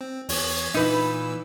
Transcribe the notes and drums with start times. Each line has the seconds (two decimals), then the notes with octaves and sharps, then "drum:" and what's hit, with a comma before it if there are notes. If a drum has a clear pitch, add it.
0.01 C4
0.29 E2 C#5 G#6, drum: open hi-hat
0.74 A#2 E3 D#4 B4 E6